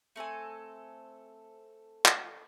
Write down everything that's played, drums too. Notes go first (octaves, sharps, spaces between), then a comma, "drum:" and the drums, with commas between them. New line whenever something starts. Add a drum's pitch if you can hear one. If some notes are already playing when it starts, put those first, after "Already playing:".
A3 C4 A4 G#5
drum: clap